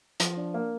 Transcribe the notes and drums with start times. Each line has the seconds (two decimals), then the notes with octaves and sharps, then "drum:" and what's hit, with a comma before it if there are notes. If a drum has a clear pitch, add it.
0.20 F3, drum: hi-hat
0.37 D4
0.54 A#3